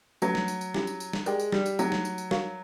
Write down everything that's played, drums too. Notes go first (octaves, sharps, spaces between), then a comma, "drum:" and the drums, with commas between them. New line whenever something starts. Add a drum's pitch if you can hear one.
F#3 A3 C#4 F#4 B4, drum: tambourine
drum: snare
drum: tambourine
drum: tambourine
C#4 E4 G4, drum: snare
drum: tambourine
drum: tambourine
drum: snare
G#3 G4 A#4 D5 G5, drum: tambourine
drum: tambourine
G3, drum: snare
drum: tambourine
F#3 A3 C4 D#4 G4, drum: tambourine
drum: snare
drum: tambourine
drum: tambourine
F#4 A#4 C#5 F5, drum: snare